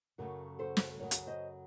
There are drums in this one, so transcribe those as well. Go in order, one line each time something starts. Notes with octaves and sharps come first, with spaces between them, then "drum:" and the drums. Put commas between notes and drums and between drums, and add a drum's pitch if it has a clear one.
F#2 C#3 F#3 A3 F#4 A#4
A4 C5
drum: snare
F#2 C#3 F#3 A3 A#4 C#5
drum: hi-hat
C5 D#5